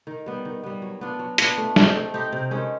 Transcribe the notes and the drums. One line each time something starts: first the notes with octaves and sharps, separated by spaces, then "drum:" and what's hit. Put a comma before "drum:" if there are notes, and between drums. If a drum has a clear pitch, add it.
D#3
G3 B3
D#3
G3 B3
F#3
B3 D4 F4
F#3
B3 D4 F4, drum: hi-hat
A3
C4 D#4 G4, drum: snare
A3
C4 D#4 G4
C3
D#3 G#3 C#4